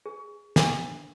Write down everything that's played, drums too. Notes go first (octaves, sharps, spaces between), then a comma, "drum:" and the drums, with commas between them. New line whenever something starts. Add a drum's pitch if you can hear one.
G#4
D4, drum: snare